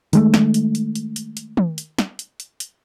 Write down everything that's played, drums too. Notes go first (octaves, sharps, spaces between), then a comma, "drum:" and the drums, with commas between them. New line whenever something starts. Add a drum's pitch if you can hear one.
D#3 G#3 A3, drum: hi-hat
drum: snare
drum: hi-hat
drum: hi-hat
drum: hi-hat
drum: hi-hat
drum: hi-hat
drum: tom
drum: hi-hat
drum: snare
drum: hi-hat
drum: hi-hat
drum: hi-hat